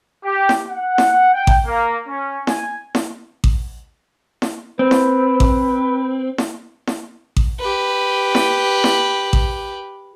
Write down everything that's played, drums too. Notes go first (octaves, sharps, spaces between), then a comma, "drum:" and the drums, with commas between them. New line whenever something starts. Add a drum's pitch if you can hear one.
G4
drum: snare E4
F#5
drum: snare E4
G5
drum: kick A1
A#3
C#4
G#5, drum: snare E4
drum: snare E4
drum: kick A1
drum: snare E4
C4 B4
drum: snare E4
drum: kick A1
drum: snare E4
drum: snare E4
drum: kick A1
G4 B4
drum: snare E4
drum: snare E4
drum: kick A1